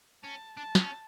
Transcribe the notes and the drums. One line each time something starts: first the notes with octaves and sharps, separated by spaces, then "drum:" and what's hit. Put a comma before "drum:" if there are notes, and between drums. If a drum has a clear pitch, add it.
C#4 A5
D4 A5
C#4, drum: snare